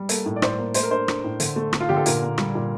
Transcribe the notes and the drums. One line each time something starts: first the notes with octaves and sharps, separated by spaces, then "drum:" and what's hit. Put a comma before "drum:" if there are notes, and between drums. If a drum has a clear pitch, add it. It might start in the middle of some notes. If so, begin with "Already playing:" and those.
Already playing: G3
A#3 A4, drum: hi-hat
A2
D5
A2 C5, drum: rim click
A#3
A3 C5, drum: hi-hat
A#4
D4 C5
D4, drum: rim click
A2
D3, drum: hi-hat
A3
A3, drum: rim click
F4
D3 G4
A4
A#2 A#4, drum: hi-hat
A#3
G3, drum: rim click
A#2